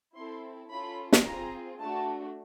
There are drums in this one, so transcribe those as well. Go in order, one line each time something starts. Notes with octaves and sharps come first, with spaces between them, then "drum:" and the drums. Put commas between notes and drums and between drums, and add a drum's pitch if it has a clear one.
C4 E4 A4 C6
C#4 F4 A4 B5
drum: snare
C4 F4 G#4 A#5
A3 D4 F#4 A5